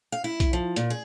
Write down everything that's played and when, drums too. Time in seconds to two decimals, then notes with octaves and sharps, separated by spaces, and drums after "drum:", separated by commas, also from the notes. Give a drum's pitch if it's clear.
0.12 F5
0.24 E4
0.40 drum: kick B1, hi-hat
0.53 F3
0.76 A#2, drum: hi-hat
0.90 G#4